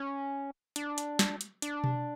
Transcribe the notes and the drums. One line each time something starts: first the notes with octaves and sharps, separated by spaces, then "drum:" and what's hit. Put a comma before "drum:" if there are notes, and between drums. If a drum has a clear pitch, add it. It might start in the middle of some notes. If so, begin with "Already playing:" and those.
Already playing: C#4
D4, drum: hi-hat
drum: hi-hat
drum: snare
drum: hi-hat
D4, drum: hi-hat
drum: tom B2